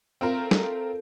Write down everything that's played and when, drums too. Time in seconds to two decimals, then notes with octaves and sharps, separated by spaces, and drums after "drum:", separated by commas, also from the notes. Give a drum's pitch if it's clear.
0.21 A3 C4 F4 A#4
0.51 drum: snare